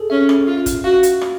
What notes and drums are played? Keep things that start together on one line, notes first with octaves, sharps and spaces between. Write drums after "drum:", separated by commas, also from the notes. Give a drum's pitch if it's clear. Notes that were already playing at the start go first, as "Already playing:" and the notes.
Already playing: G#4 A4
C#4 E5
drum: rim click
F4
drum: kick, hi-hat
F#4 F5
drum: hi-hat
drum: rim click